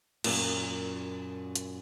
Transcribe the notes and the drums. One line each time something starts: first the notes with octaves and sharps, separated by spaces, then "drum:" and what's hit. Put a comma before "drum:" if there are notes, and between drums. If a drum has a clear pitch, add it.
F#2 A#2, drum: cymbal
drum: hi-hat